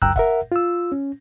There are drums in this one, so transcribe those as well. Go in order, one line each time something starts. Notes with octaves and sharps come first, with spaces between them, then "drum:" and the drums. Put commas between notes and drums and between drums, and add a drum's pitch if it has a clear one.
C#2 F#2 G5 A#5 E6 F#6, drum: kick
A#4 E5 F#5, drum: kick
F4 E6
C#4